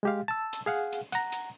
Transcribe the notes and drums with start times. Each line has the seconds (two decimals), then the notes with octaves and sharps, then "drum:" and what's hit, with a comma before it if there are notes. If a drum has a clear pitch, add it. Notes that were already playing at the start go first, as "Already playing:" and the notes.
0.03 G#3 G4 F5
0.28 A5 E6
0.53 drum: hi-hat
0.66 G#4 F5 F#5
0.93 drum: hi-hat
1.12 F#5 A#5, drum: hi-hat
1.32 drum: hi-hat